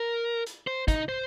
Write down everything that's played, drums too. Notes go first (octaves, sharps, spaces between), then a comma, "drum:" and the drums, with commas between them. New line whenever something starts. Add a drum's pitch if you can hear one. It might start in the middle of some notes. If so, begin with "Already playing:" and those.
Already playing: A#4
drum: hi-hat
C5
D#4, drum: kick, hi-hat
C5